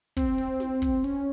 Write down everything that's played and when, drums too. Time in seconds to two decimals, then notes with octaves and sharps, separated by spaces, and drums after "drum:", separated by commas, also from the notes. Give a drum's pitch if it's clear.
0.17 C4, drum: kick, hi-hat
0.38 drum: hi-hat
0.60 drum: snare
0.82 drum: kick, hi-hat
1.04 C#4, drum: hi-hat